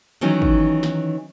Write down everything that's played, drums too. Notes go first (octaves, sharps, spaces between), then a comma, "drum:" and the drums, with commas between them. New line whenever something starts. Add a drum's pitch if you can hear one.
D#3 E3 F#3 C#4 D#4
drum: kick
drum: snare